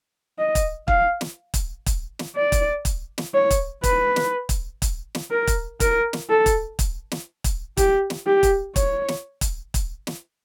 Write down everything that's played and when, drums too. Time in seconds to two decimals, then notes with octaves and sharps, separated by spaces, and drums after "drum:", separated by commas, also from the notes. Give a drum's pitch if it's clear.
0.39 D#5
0.55 drum: kick, hi-hat
0.88 F5, drum: kick
1.21 drum: snare
1.54 drum: kick, hi-hat
1.86 drum: kick, hi-hat
2.19 drum: snare
2.36 D5
2.52 drum: kick, hi-hat
2.85 drum: kick, hi-hat
3.18 drum: snare
3.34 C#5
3.51 drum: kick, hi-hat
3.84 B4, drum: kick, hi-hat
4.16 drum: snare
4.49 drum: kick, hi-hat
4.82 drum: kick, hi-hat
5.15 drum: snare
5.31 A#4
5.47 drum: kick, hi-hat
5.80 A#4, drum: kick, hi-hat
6.13 drum: snare
6.29 A4
6.46 drum: kick, hi-hat
6.79 drum: kick, hi-hat
7.12 drum: snare
7.44 drum: kick, hi-hat
7.77 G4, drum: kick, hi-hat
8.10 drum: snare
8.26 G4
8.43 drum: kick, hi-hat
8.76 C#5, drum: kick, hi-hat
9.08 drum: snare
9.41 drum: kick, hi-hat
9.74 drum: kick, hi-hat
10.07 drum: snare